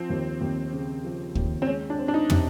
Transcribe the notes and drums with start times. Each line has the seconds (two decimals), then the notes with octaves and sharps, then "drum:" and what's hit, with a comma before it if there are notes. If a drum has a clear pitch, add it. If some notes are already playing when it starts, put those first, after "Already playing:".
Already playing: F3 C4
0.09 D#2
0.41 D#2
0.72 C#3
1.04 F3
1.35 D#2, drum: kick
1.62 C4
1.67 G#3 C#4
1.90 D4
1.98 C4
2.08 D4
2.14 D#4
2.30 C3, drum: tom